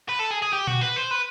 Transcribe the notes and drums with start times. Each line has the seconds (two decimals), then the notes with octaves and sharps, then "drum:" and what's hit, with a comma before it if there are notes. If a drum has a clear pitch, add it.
0.10 B4
0.20 A4
0.31 G#4
0.42 G#4
0.53 G4
0.67 F#4, drum: tom A#2
0.81 B4
0.96 C5
1.11 B4